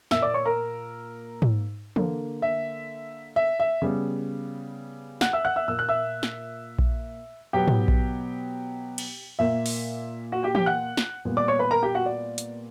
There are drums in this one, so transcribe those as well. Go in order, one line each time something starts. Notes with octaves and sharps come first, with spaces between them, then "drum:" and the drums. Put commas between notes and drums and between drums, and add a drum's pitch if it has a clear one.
A#2 A#3 E5 E6, drum: snare
D5 D6
C#5 C#6
A#4 A#5
drum: tom G#2
D3 A#3, drum: tom E3
E5
E5
E5
C#3 G3 B3
F#5 F#6, drum: snare
E5 E6
F#5 F#6
E5 E6
A#2 A#3 E6
F#6
E5 E6
drum: snare
drum: kick A#1
B2 F#3 B3 G4 G5
drum: tom G#2
drum: kick A#1
drum: cymbal
A#2 A#3 E5
drum: open hi-hat
F#4 F#5
G4 G5
G4 G5, drum: tom E3
F#5 F#6
drum: snare
A#2 G3 B3
D5 D6
C#5 C#6
B4 B5
A#4 A#5
G4 G5
F#4 F#5
D5
drum: hi-hat